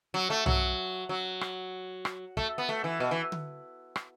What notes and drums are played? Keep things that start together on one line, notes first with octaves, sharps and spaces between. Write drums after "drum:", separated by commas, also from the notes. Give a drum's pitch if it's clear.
F#3
A3
F#3, drum: tom
F#3
drum: rim click
drum: rim click
A3, drum: kick
B3
A3
E3
B2
E3
drum: tom D3
drum: rim click